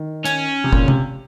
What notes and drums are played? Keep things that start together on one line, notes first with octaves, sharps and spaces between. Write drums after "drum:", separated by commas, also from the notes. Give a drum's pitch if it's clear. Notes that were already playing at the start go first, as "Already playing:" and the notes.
Already playing: D#3
C#4, drum: hi-hat
C3
A#2, drum: kick
C#3
C3, drum: tom